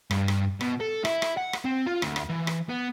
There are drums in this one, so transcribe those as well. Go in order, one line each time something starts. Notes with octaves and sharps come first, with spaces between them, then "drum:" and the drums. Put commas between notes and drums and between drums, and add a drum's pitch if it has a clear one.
G2, drum: rim click
drum: rim click
B2, drum: rim click
A4
E4, drum: rim click
drum: rim click
F#5
drum: rim click
C4
F4
D2, drum: rim click
drum: rim click
E3
drum: rim click
B3